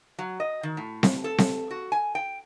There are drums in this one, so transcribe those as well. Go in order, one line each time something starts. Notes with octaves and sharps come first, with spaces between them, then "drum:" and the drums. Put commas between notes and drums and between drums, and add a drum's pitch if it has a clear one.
F#3
D#5
D#3
A2
drum: snare C4
A4
drum: snare C4
F#4
G#5
G5